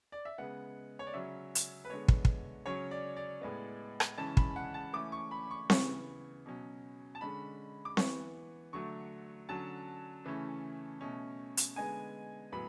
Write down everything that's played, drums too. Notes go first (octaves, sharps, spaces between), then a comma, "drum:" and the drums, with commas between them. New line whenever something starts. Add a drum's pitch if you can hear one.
D5
E5
C#3 G#3 B3 F#5
C#5
D5
C#3 F#3 C#4 E5
drum: hi-hat
B4
D3 G#3 B3 C#5
drum: kick
drum: kick
C#3 F#3 C#4 C#5
D5
D5
A2 G#3 B3
drum: rim click
C#3 E3 G#3 C#4 A5
B5, drum: kick
F#5
A5
E3 A3 C#4 D6
C#6
B5
C#6
C#3 E3 B3 C#6, drum: snare C4
B2 F#3 C#4
A5
D3 G#3 C#4 B5
D6
E3 B3 C#6, drum: snare C4
D3 F#3 A3 C#6
D3 F#3 C#4 A5
C#3 E3 A3 C#4
B2 A3 C#4
drum: hi-hat
D3 G#3 B3 G#5
A2 F#3 B3 B5